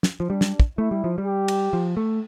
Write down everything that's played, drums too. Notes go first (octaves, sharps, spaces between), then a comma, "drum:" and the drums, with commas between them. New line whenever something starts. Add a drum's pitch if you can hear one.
drum: snare
F3
G3 D4
drum: snare
drum: kick
A3 E4
G3
F3
G3
G4
drum: cymbal
F3
A3